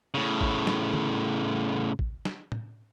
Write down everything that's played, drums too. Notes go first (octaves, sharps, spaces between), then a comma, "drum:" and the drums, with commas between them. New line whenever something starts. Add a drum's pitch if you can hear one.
A2 C#3
drum: kick
drum: snare
drum: tom D3
drum: kick
drum: snare
drum: tom A2